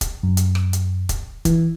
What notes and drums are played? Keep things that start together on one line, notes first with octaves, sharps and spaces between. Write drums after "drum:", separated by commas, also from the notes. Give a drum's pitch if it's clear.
drum: kick, hi-hat
F#2
drum: hi-hat
drum: rim click
drum: hi-hat
drum: kick, hi-hat
E3, drum: kick, hi-hat